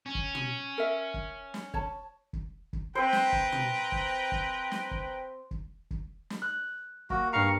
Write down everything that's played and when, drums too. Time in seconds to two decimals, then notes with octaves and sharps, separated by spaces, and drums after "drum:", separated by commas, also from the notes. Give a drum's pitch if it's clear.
0.06 C#4
0.15 drum: kick
0.35 drum: tom
0.78 A#4 E5
1.14 drum: kick
1.54 drum: snare
1.74 C#5 A5, drum: kick
2.33 drum: kick
2.73 drum: kick
2.95 C4 B4 C5 G5 A#5
3.13 drum: snare
3.33 drum: kick
3.52 drum: tom
3.92 drum: kick
4.32 drum: kick
4.71 drum: snare
4.91 drum: kick
5.51 drum: kick
5.91 drum: kick
6.30 drum: snare
6.42 F#6
7.10 A#3 F#4, drum: kick
7.33 G2 F5 A#5 C#6 C#7